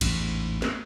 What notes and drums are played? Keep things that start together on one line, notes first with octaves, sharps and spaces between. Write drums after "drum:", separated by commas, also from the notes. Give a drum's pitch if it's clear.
A1 E2 G#2, drum: cymbal
drum: snare